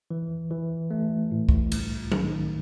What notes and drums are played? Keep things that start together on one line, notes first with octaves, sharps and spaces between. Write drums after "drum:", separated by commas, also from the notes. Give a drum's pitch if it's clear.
E3
E3
A3
A2
drum: kick
C2, drum: cymbal
D#3, drum: tom F#3